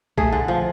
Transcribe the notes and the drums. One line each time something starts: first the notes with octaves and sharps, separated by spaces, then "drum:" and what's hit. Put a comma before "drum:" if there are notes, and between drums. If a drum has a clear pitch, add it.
A3 G#4, drum: kick B1
D3
F3